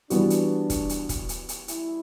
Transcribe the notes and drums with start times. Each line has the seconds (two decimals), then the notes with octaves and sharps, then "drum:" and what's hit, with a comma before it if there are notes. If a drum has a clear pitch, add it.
0.10 E3 G3 B3 D4 F#4, drum: hi-hat
0.30 drum: hi-hat
0.70 drum: kick E1, hi-hat
0.89 drum: hi-hat
1.09 drum: kick E1, hi-hat
1.29 drum: hi-hat
1.49 drum: hi-hat
1.68 E4, drum: hi-hat